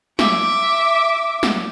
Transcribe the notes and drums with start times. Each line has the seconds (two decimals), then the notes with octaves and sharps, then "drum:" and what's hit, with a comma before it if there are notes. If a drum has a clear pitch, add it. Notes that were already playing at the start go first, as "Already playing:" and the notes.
0.19 E5 D6, drum: snare
1.43 drum: snare